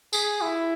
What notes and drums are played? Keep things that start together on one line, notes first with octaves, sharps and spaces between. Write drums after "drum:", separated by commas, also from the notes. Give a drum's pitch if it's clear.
G#4, drum: tambourine
E4